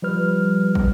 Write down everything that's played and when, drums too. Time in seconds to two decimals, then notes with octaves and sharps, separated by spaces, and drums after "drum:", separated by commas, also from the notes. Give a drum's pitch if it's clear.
0.02 F3 G3 B4 F6
0.75 drum: kick